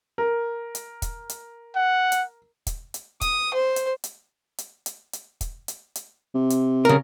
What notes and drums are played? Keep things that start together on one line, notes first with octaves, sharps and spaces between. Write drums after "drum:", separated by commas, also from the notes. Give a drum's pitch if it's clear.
A#4
drum: hi-hat
drum: kick, hi-hat
drum: hi-hat
F#5
drum: hi-hat
drum: kick, hi-hat
drum: hi-hat
D#6, drum: kick, hi-hat
C5
drum: hi-hat
drum: hi-hat
drum: hi-hat
drum: hi-hat
drum: hi-hat
drum: kick, hi-hat
drum: hi-hat
drum: hi-hat
C3
drum: hi-hat
C#3 A#4